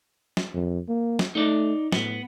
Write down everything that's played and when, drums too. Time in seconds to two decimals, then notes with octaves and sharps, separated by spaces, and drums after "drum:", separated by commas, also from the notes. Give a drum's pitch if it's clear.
0.37 drum: snare
0.54 F2
0.88 A#3
1.19 drum: snare
1.35 A3 D#4 D5
1.92 A2 B3, drum: snare